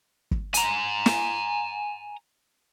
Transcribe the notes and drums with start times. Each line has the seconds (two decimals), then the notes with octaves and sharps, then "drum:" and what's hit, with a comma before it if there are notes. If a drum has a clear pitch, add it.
0.31 drum: kick
0.54 G#5 A#5, drum: hi-hat
1.06 drum: snare